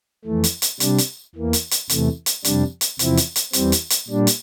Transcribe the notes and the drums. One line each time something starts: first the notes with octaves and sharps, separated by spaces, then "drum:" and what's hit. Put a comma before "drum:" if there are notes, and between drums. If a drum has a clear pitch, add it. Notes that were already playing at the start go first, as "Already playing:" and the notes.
F2 E3 A3
drum: hi-hat
drum: hi-hat
C3 G3 D4, drum: hi-hat
drum: hi-hat
E2 E3 A#3
drum: hi-hat
drum: hi-hat
E2 C3 E3 A3, drum: hi-hat
drum: hi-hat
F2 C3 G3 D4, drum: hi-hat
drum: hi-hat
E2 C3 F3 C4 E4, drum: hi-hat
drum: hi-hat
drum: hi-hat
E2 E3 G3 C4, drum: hi-hat
drum: hi-hat
drum: hi-hat
A#2 G3 D4
drum: hi-hat